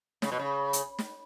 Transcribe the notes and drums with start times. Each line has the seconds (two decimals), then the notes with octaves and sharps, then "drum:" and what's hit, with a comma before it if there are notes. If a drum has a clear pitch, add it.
0.22 C#3, drum: snare
0.32 B2
0.39 C#3
0.73 drum: hi-hat
0.99 drum: snare